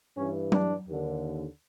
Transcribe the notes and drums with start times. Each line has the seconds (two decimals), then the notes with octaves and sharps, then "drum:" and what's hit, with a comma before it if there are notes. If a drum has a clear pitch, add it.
0.16 G2 E3 C#4
0.52 D4, drum: tom F#3
0.88 D#2 D3